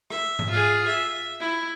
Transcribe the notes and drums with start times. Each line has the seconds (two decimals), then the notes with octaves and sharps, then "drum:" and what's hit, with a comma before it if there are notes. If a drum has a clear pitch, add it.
0.10 E5, drum: rim click
0.39 drum: tom G#2
0.50 F4 G#4
0.88 E5
1.40 E4